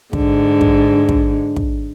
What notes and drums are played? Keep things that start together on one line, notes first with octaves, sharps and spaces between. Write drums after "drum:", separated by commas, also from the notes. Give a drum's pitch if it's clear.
G#2 D3, drum: kick
drum: kick
drum: kick
drum: kick